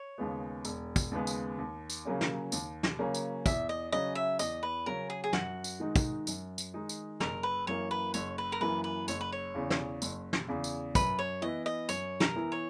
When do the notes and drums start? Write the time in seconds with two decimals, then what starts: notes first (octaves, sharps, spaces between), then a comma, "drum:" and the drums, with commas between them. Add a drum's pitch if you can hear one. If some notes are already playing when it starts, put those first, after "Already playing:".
Already playing: C#5
0.18 D#2 C#3 G#3 B3
0.65 E1, drum: tambourine
0.96 drum: kick, tambourine
1.11 D#2 C#3 G#3 B3
1.27 drum: tambourine
1.58 D#2
1.90 drum: tambourine
2.05 C#3 F#3 A#3 C#4
2.21 drum: snare
2.52 D#2, drum: tambourine
2.83 drum: snare
2.99 C#3 F#3 A#3 C#4
3.15 drum: tambourine
3.46 E2 E5, drum: kick, tambourine
3.69 D#5
3.92 C#3 F#3 C#4 D#5
4.15 E5
4.39 E2 D#5, drum: tambourine
4.63 B4
4.86 C#3 F#3 C#4 A#4
5.10 G#4
5.24 G#4
5.33 F#2 F#4, drum: snare
5.64 drum: tambourine
5.80 D#3 G#3 D#4
5.96 drum: kick, tambourine
6.27 F#2, drum: tambourine
6.58 drum: tambourine
6.74 D#3 G#3 D#4
6.89 drum: tambourine
7.20 F#1 A#4, drum: snare
7.43 B4
7.67 F#2 E3 A#3 C#5
7.91 B4
8.14 F#1 C#5, drum: tambourine
8.38 B4
8.52 A#4
8.61 F#2 E3 A#3 B4
8.84 B4
9.08 F#1 C#5, drum: tambourine
9.21 B4
9.32 C#5
9.54 E2 C#3
9.70 drum: snare
10.02 F#1, drum: tambourine
10.33 drum: snare
10.48 E2 C#3
10.64 drum: tambourine
10.95 F#2 B4, drum: kick, tambourine
11.19 C#5
11.42 E3 B3 E4 D#5
11.66 D#5
11.89 F#2 C#5, drum: tambourine
12.20 A#4, drum: snare
12.35 E3 B3 E4
12.52 C#5